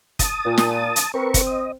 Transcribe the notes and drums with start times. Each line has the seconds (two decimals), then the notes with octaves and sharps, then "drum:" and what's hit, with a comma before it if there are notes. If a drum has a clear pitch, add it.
0.19 A5 D#6, drum: kick, hi-hat
0.45 A#2
0.58 drum: snare
0.96 drum: hi-hat
1.14 C4 A#4 B4 C#6
1.34 drum: kick, hi-hat
1.47 D#5